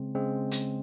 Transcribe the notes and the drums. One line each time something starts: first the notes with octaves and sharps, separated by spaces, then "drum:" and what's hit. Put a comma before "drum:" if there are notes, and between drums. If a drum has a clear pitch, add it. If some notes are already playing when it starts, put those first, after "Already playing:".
Already playing: C#3 G#3 C4
C#3 G#3 C4
drum: hi-hat